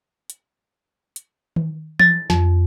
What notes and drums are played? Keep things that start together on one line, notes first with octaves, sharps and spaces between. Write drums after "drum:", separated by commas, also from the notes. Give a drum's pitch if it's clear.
drum: hi-hat
drum: hi-hat
drum: tom D#3
A6, drum: tom E3
F2, drum: snare